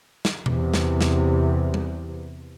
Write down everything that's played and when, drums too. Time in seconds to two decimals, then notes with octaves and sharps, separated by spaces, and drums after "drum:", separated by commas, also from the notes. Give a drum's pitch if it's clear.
0.25 drum: snare
0.46 E2 C3, drum: tom B2
0.74 drum: snare
1.01 drum: snare
1.74 drum: tom G3